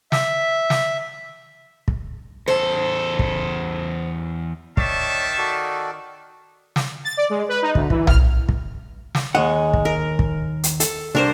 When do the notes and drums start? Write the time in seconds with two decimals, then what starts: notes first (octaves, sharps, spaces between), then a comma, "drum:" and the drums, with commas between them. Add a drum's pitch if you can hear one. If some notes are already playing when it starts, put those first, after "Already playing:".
0.12 E5, drum: snare
0.70 drum: snare
1.88 drum: kick
2.48 E2 A4 C5
3.19 drum: kick
4.77 D#3 C#5 D5 E5 A5, drum: kick
5.38 F#4 A4 D5
6.76 drum: snare
7.05 A6
7.17 D5
7.30 G#3
7.49 B4
7.62 D#4
7.75 D2, drum: kick
7.90 E3, drum: kick
8.07 F6, drum: tom B1
8.49 drum: kick
9.15 drum: snare
9.35 D#2 G#3 F#5
9.74 drum: kick
9.85 A#4
10.19 drum: kick
10.64 drum: hi-hat
10.80 A4, drum: hi-hat
11.15 C2 D4 A#4 C5